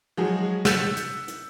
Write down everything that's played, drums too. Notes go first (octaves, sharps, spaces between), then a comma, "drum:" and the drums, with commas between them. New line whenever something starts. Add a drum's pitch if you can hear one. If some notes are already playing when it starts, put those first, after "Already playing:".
F3 F#3 G#3 F#4 G#4
E6 F#6 G6 A6 B6 C#7, drum: snare
drum: hi-hat
drum: hi-hat